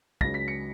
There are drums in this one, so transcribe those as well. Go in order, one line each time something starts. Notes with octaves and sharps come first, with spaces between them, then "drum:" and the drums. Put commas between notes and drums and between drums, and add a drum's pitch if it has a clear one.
C#2 C#3 F#3 A#6, drum: kick
B6
C#7